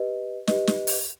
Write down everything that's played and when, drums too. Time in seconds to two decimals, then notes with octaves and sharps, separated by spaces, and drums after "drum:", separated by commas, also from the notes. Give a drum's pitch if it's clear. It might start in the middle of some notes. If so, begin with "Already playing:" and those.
Already playing: G4 B4 D#5
0.47 G4 B4 D#5, drum: snare
0.67 drum: snare
0.87 drum: open hi-hat